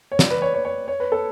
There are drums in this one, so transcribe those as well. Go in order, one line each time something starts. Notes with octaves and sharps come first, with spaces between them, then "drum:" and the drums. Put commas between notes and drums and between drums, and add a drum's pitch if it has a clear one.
C#5
D5, drum: snare
B4
C#5
C#5
C#5
C#5
B4
A4